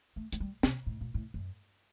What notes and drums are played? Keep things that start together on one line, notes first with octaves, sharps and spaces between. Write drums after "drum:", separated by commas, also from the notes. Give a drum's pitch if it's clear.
A3
A3, drum: hi-hat
G3
C3, drum: snare
A2
A#2
A2
F#2